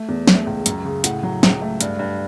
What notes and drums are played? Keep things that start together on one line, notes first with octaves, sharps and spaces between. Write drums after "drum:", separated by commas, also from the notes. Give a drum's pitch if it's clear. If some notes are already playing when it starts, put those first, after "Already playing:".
Already playing: A3
E2
A3, drum: snare
C#2
F#2, drum: hi-hat
C#3
A2 F#5, drum: hi-hat
F#3
C#2, drum: snare
A3
G2, drum: hi-hat
G2